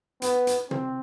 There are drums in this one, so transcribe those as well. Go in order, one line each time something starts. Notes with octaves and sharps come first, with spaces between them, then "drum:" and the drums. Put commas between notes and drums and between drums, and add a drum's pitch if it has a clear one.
B3, drum: hi-hat
drum: hi-hat
C4, drum: tom